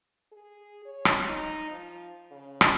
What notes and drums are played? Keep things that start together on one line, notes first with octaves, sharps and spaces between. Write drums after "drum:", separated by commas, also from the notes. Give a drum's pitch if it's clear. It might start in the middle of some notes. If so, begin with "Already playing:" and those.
G#4
C#5
drum: rim click
D#4
F3
C#3
drum: rim click